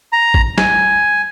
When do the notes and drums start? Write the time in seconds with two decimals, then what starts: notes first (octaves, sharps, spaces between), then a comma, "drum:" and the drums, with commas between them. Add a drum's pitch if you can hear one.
0.13 A#5
0.34 drum: kick
0.58 G#5, drum: snare